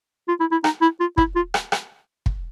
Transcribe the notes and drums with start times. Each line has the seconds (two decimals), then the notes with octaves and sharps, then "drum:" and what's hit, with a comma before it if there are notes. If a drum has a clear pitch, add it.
0.28 F4
0.40 E4
0.52 E4
0.64 D#4, drum: rim click
0.82 E4
1.00 F4
1.18 E4, drum: kick
1.36 F4
1.54 drum: rim click
1.72 drum: rim click
2.26 drum: kick